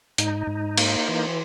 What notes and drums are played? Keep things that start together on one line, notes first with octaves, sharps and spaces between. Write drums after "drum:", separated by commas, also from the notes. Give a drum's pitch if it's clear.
G#2 D#4, drum: hi-hat
G#2
A#3, drum: cymbal
E3